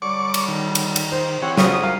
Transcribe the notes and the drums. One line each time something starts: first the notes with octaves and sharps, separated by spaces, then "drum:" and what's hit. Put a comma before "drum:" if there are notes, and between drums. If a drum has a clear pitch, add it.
D3 F#3 G3 D5 C#6 D6
drum: cymbal
D#3
drum: cymbal
drum: cymbal
C5
E3 C4 G4 C#5 F#5
F2 C#3 F#3 D#6, drum: snare
A#4 F5